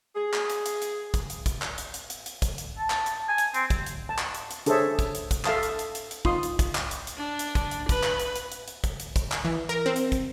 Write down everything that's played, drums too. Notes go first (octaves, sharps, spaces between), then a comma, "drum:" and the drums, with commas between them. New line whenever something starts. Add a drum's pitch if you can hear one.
G#4
drum: clap
drum: hi-hat
drum: hi-hat
drum: hi-hat
drum: kick, hi-hat
drum: hi-hat
drum: kick, hi-hat
drum: clap
drum: hi-hat
drum: hi-hat
drum: hi-hat
drum: hi-hat
drum: kick, hi-hat
drum: hi-hat
A5
drum: clap
drum: hi-hat
G#5
drum: hi-hat
C4, drum: hi-hat
drum: kick, hi-hat
drum: hi-hat
A5
drum: clap
drum: hi-hat
drum: hi-hat
D4 G#4 A4 C5 C#5 E5, drum: hi-hat
drum: kick, hi-hat
drum: hi-hat
drum: kick, hi-hat
A4 E5 F5 A5 D#6, drum: clap
drum: hi-hat
drum: hi-hat
drum: hi-hat
drum: hi-hat
D#4 F4 C6 D#6, drum: kick
drum: hi-hat
drum: kick, hi-hat
drum: clap
drum: hi-hat
drum: hi-hat
D4
drum: hi-hat
drum: kick, hi-hat
drum: hi-hat
B4, drum: kick, hi-hat
drum: clap
drum: hi-hat
drum: hi-hat
drum: hi-hat
drum: hi-hat
drum: kick, hi-hat
drum: hi-hat
drum: kick, hi-hat
drum: clap
E3
A#4
C4
drum: hi-hat
drum: kick, hi-hat